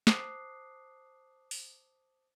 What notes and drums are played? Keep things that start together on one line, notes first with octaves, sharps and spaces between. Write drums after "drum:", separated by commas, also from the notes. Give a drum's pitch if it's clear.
C5 A5 D6 D#6 F#6 C7, drum: snare
drum: open hi-hat